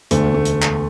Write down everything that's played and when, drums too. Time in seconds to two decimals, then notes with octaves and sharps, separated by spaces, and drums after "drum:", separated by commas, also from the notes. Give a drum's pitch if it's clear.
0.11 E1 D2 D3 A3, drum: hi-hat
0.34 A3
0.45 drum: hi-hat
0.62 drum: clap